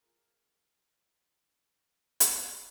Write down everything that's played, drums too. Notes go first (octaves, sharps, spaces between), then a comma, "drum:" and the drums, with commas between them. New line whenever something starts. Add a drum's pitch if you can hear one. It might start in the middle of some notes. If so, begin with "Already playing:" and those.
F4 G#4 A#4
drum: hi-hat